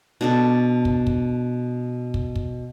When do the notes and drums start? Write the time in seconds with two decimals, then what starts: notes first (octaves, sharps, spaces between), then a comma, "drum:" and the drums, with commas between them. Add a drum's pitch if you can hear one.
0.21 B2 D4 A4
0.85 drum: kick
1.07 drum: kick
2.14 drum: kick
2.36 drum: kick